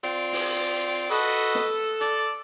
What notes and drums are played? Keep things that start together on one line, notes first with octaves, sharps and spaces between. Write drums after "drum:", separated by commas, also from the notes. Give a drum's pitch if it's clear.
C4 F4 D5, drum: hi-hat
drum: open hi-hat
F#4 A4 B4 D#5
drum: snare
D5 A5, drum: hi-hat